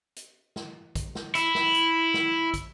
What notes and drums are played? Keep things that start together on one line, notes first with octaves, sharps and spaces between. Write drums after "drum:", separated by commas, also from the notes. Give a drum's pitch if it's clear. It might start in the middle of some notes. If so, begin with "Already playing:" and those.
drum: hi-hat
drum: snare
drum: kick, hi-hat
drum: snare
E4, drum: hi-hat
drum: snare
drum: hi-hat
drum: snare
drum: kick, hi-hat